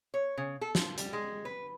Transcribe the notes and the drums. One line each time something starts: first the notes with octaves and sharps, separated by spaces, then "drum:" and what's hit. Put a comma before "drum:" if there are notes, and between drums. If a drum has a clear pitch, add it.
C#5
C#3
A4
F4, drum: snare
G3, drum: hi-hat
G#3
B4